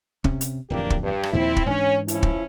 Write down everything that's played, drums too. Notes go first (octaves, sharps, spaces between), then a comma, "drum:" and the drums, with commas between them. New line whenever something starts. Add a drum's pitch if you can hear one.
C3 C#4, drum: kick
drum: hi-hat
D1 F2 E3 A#3 D4 G4
drum: kick
G2
drum: rim click
D#2 A#2 F3 C4 E4
drum: kick
G#2 E3 C#4 D4
F3 C#4 E4, drum: hi-hat
drum: kick